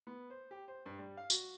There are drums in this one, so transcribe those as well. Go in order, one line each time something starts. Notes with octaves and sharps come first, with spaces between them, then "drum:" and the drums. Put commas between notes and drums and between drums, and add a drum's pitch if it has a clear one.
B3
C5
G4
C5
G2
G3
F5
F#4, drum: tambourine